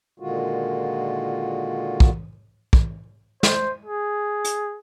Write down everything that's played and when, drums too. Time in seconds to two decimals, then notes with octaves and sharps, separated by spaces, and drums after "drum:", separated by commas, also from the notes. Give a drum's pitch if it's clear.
0.20 A#2 D3 D#3 G#3 F4 F#4
2.00 drum: kick
2.73 drum: kick
3.43 C5, drum: snare
3.85 G#4
4.44 drum: hi-hat